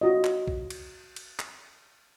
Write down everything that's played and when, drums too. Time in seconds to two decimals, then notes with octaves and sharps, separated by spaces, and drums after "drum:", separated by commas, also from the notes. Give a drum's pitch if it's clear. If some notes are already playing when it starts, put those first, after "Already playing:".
0.01 F4 F#4 D#5
0.24 drum: clap
0.47 drum: kick B1
0.70 drum: cymbal
1.16 drum: cymbal
1.39 drum: clap